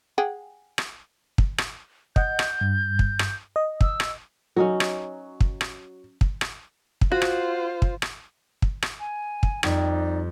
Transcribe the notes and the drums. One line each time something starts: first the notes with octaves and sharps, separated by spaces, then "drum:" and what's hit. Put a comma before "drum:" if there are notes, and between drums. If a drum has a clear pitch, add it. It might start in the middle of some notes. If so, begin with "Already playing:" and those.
G#4 F#5 G5
drum: rim click
drum: kick
drum: rim click
D#5 F#5 G6, drum: kick
drum: rim click
G2
drum: kick
drum: rim click
D#5
E6, drum: kick
drum: rim click
F#3 C#4 D#4 F#4
drum: rim click
drum: kick
drum: rim click
drum: kick
drum: rim click
drum: kick
F4 F#4 C5
drum: rim click
drum: kick
drum: rim click
drum: kick
drum: rim click
G#5
drum: kick
F2 G3 D#4 D5 G#6, drum: rim click